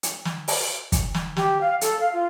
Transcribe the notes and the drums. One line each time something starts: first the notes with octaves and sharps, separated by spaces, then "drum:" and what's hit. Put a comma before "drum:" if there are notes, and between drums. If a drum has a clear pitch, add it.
drum: hi-hat
drum: snare
drum: open hi-hat
drum: kick, hi-hat
drum: snare
G4, drum: snare
F5
A4, drum: hi-hat
F5
F4